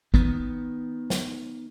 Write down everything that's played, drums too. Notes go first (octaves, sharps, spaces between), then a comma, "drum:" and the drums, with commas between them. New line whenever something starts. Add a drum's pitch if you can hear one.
D#3 B3, drum: kick
drum: snare